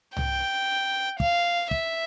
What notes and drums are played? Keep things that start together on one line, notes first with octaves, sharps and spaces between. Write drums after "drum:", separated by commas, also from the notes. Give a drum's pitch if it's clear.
G5, drum: tom C2
F5, drum: kick
E5, drum: kick